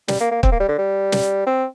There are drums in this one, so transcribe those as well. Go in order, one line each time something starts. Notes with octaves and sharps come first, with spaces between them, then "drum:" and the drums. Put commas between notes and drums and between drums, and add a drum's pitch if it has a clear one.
G3, drum: snare
A#3
A#3
C4, drum: kick
A#3
G3
D3
G3
drum: snare
C4